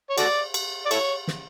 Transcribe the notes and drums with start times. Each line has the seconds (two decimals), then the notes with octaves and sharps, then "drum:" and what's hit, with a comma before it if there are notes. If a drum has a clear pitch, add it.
0.10 C#5
0.18 F#4 A4 D5, drum: cymbal
0.54 drum: cymbal
0.86 D5
0.91 E4 A4 C#5, drum: cymbal
1.28 drum: snare